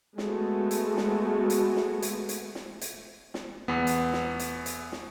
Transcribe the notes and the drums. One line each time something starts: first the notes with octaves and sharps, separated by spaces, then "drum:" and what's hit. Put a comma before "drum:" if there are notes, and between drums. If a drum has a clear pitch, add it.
G#3 A3 B3 F#4, drum: snare
drum: hi-hat
drum: snare
drum: hi-hat
drum: snare
drum: hi-hat
drum: hi-hat
drum: snare
drum: hi-hat
drum: snare
E2 B3
drum: hi-hat
drum: snare
drum: hi-hat
drum: hi-hat
drum: snare